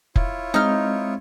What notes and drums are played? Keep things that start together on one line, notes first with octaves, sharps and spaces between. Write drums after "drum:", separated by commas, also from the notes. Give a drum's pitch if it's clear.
E4 F4 C#5, drum: kick F1
G#3 C4 D#4 F6